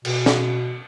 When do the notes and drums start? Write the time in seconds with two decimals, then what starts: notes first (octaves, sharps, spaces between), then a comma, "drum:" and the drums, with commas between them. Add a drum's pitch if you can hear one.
0.05 B2, drum: cymbal
0.26 drum: snare